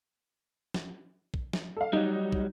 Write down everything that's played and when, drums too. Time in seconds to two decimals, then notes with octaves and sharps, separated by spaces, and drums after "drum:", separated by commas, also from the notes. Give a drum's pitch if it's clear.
0.74 drum: snare
1.34 drum: kick
1.53 drum: snare
1.77 A4 F5
1.93 F#3 G3 D#4
2.32 drum: kick